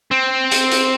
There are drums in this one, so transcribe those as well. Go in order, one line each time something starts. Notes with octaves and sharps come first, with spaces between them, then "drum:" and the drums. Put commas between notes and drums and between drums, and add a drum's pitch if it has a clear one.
C4
drum: hi-hat
drum: hi-hat